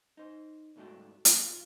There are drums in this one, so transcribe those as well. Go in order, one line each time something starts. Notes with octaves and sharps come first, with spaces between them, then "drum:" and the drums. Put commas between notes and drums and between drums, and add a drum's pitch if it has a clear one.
D#4 C5
C2 G#2 A3 D4 F#4 G5
A#3, drum: hi-hat
B1 F4